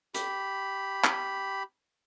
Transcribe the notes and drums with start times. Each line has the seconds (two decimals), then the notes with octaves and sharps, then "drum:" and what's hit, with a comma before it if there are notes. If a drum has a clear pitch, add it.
0.14 G4 B5, drum: hi-hat
1.04 drum: clap